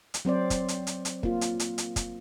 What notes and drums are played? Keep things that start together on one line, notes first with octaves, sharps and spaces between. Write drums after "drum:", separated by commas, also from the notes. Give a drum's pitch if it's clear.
drum: hi-hat
F#3 C4 C5 D5
drum: kick, hi-hat
drum: hi-hat
drum: hi-hat
drum: hi-hat
A#3 F4, drum: kick
drum: hi-hat
drum: hi-hat
drum: hi-hat
drum: kick, hi-hat